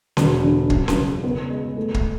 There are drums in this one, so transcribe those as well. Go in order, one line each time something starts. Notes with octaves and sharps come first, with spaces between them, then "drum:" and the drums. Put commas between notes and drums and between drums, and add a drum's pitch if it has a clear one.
E1, drum: snare C#4
D3
F#2, drum: kick
drum: snare C#4
C#3
B3
G#3
A3
drum: kick